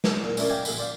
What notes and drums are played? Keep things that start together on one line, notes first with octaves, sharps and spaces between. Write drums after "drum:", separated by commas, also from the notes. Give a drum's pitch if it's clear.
drum: snare
A#2
C#4 D4 E4 A#4 D5, drum: tambourine
D5 D#5 F5 G5 G#5 A#5
A#1 D3 B5, drum: tambourine
C5 D5 F5